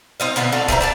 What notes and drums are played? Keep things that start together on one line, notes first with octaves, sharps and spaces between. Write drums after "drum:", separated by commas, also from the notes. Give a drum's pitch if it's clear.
C4 D#5 F5
B2 D3 B3 E4
D4 F4 F#4 A4
E3 C5 C#5 A#5, drum: kick
A4 D5 A5